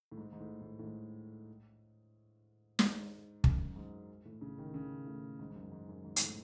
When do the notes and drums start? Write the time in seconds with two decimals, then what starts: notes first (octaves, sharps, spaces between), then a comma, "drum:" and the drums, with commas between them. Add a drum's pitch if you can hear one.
0.12 A2
0.17 G#2
0.33 G#2
0.40 A2
0.61 A2
0.79 A2
0.83 G#2
2.79 G#2, drum: snare
3.44 F#2, drum: kick
3.76 G#2
4.25 A2
4.41 C#3
4.58 D#3
4.74 C#3
5.07 A2
5.39 G#2
5.50 G#2
5.56 F#2
5.72 G#2
5.89 F#2
6.05 G#2
6.16 G#2, drum: hi-hat
6.21 A2